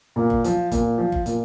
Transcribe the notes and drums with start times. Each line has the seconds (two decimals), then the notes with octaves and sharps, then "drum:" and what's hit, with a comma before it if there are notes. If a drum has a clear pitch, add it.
0.16 A#2
0.30 drum: kick G1
0.44 F3, drum: hi-hat
0.72 A#2, drum: kick G1, hi-hat
0.98 F3
1.12 drum: kick G1
1.26 A#2, drum: hi-hat